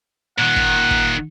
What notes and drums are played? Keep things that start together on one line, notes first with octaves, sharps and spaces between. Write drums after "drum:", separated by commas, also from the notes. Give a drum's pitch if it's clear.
A#2 D#3 F#5
drum: kick
drum: kick